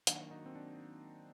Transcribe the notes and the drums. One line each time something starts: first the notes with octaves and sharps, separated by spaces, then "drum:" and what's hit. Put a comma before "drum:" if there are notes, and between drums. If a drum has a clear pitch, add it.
D#3 F#3 A#3 D4 F#4, drum: hi-hat
D#4
C4
D4